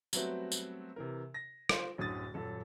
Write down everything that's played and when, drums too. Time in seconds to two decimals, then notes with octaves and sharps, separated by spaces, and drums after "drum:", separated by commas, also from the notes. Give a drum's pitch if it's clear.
0.13 F#3 G3 A3 B3 C4 F#4, drum: tambourine
0.52 drum: tambourine
0.96 C3 E3 A#4
1.34 A#6
1.69 F4 C5 F5, drum: rim click
1.98 D1 F#2 D3 D#6 A6
2.34 D#1 F#2 A4